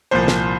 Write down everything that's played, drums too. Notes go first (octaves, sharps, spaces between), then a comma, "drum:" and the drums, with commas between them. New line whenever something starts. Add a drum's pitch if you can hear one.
C2 A#2 F3 C5
drum: snare